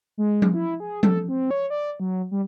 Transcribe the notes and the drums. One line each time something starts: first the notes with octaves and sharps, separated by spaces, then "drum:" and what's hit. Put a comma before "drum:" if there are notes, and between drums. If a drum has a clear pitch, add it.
G#3
drum: tom F3
E4
G#4
A4, drum: tom F3
C4
C#5
D5
F#3
G3